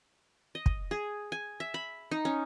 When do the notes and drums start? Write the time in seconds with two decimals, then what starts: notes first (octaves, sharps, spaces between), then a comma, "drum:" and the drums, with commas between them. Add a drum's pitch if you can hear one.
0.55 D#5
0.66 drum: kick
0.91 G#4
1.32 G#5
1.60 E5
1.74 B5
2.11 D#4
2.25 C#4